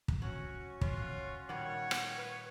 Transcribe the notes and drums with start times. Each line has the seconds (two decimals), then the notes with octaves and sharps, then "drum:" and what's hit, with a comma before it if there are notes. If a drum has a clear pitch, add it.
0.08 drum: kick
0.22 F#3 C#4 F#4 C#6
0.81 F4 C#5, drum: kick
1.49 A#2 D#3 G3 C#5 F#5
1.91 drum: rim click
2.18 B4